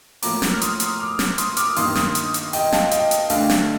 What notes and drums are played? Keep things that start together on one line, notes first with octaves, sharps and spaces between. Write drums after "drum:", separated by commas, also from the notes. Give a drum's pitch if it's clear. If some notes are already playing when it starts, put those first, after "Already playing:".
A2 F3 A#3 A#5 D6, drum: open hi-hat
drum: snare
F6
C6 D#6, drum: hi-hat
C6 D#6, drum: hi-hat
D6 F6
drum: snare
C6 D#6, drum: hi-hat
D6 F6, drum: hi-hat
G2 D#3 A#3 C6 D#6, drum: open hi-hat
C6 D#6, drum: snare
drum: hi-hat
drum: hi-hat
D#5 G5, drum: open hi-hat
F5 A5, drum: snare
D#5 G5, drum: hi-hat
drum: hi-hat
G5
D2 D3 A3 D4 F5 A5, drum: open hi-hat
drum: snare